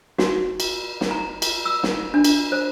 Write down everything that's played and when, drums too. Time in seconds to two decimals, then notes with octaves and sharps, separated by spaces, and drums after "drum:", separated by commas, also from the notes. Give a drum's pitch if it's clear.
0.18 F#4, drum: snare
0.60 drum: cymbal
1.01 drum: snare
1.11 A#5
1.42 drum: cymbal
1.65 E6
1.83 drum: snare
2.14 D4
2.24 drum: cymbal
2.52 C5